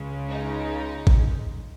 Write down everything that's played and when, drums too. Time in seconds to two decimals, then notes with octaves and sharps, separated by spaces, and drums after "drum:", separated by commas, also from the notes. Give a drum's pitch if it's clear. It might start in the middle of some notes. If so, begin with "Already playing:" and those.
Already playing: C#2 C#3 G#3
0.28 D#4
1.07 drum: kick G#1